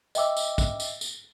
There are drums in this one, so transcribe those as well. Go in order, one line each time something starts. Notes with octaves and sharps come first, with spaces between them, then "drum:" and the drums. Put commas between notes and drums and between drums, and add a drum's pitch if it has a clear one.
D#5 E5 G5 D6 E6, drum: tambourine
drum: tambourine
drum: kick, tambourine
drum: tambourine
drum: tambourine